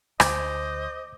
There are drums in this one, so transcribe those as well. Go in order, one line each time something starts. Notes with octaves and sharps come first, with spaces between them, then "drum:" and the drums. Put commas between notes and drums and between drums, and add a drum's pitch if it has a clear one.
D2 C5 D#5 D6, drum: rim click